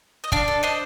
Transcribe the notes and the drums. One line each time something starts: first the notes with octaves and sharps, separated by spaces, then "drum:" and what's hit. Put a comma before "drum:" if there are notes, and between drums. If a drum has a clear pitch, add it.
D#5
D4 D5 F5, drum: kick
A4
D4 C5 D#5